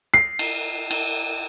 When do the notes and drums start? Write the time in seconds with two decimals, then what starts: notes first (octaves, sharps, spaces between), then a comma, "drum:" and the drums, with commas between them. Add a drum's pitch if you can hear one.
0.14 C7
0.39 drum: cymbal
0.91 drum: cymbal